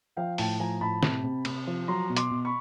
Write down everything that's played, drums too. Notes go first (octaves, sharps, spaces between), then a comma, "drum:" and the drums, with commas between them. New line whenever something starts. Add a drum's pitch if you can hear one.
F3 F5 G5
A2 G5 A5, drum: open hi-hat
F3 G#5 A#5
A2 A5 B5
C3, drum: snare
C3
C3, drum: cymbal
F3
F#3 A#5 C6
B2
C6 D6, drum: hi-hat
B2
B5 C#6